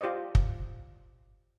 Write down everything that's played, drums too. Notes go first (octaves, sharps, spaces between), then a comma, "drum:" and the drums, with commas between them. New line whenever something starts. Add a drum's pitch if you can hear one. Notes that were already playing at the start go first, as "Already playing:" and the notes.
F4 G4 C5 D5 D#5
drum: kick